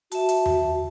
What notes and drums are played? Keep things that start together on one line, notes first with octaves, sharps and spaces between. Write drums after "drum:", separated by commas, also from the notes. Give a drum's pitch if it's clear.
F#4 E5 A5, drum: hi-hat
drum: hi-hat
drum: tom E2